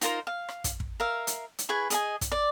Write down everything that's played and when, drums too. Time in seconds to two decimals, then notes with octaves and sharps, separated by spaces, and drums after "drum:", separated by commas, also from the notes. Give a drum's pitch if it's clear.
0.01 D#4 F4 A#4 C5, drum: hi-hat
0.27 F5
0.49 drum: rim click
0.64 drum: kick, hi-hat
0.80 drum: kick
1.00 A#4 E5 F5
1.27 drum: hi-hat
1.58 drum: hi-hat
1.69 E4 G#4 B4 C#6
1.90 G#4 D#5 G#5, drum: hi-hat
2.21 drum: kick, hi-hat
2.32 D5